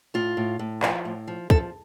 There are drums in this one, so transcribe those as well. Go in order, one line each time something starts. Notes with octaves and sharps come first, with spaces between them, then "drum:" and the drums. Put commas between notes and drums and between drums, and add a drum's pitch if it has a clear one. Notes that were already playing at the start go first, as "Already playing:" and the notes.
A2 F4
A2
A2
F3, drum: clap
A2
F3
F3 A4, drum: kick